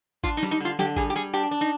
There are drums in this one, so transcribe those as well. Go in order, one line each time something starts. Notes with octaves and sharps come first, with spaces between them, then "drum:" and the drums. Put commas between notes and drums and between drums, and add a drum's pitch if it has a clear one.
D4 F4, drum: kick G#1
D#4
G3, drum: snare
D#4
D3 F4
D3 G4, drum: snare
G3 G#4, drum: kick G#1
G4
G3 G#4
D4 G4
D4
D#4